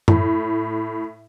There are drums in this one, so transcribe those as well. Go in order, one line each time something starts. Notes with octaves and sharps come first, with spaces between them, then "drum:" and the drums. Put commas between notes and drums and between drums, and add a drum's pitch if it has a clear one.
A2, drum: tom F#2